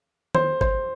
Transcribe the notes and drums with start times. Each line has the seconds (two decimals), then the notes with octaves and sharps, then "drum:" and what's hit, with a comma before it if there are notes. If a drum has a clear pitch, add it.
0.35 C5, drum: tom D#3
0.61 C5, drum: kick G#1